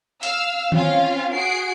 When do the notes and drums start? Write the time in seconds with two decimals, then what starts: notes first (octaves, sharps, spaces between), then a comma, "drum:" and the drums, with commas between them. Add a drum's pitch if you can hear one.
0.23 F5 E6 F6, drum: hi-hat
0.72 C4 C#4 F4 F5, drum: tom D#3
1.33 F#4 G#4 C7 D7